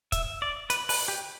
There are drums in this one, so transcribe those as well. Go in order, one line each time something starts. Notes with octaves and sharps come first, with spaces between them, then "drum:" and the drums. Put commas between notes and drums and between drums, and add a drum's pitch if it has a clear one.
E5, drum: kick, hi-hat
D5
B4, drum: hi-hat
B4, drum: open hi-hat
G4